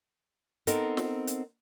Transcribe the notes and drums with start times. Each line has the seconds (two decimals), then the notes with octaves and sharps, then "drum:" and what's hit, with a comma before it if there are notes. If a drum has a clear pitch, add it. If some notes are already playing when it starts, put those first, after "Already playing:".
0.67 B3 C4 D#4 A4 A#4, drum: hi-hat
0.97 drum: snare
1.27 drum: hi-hat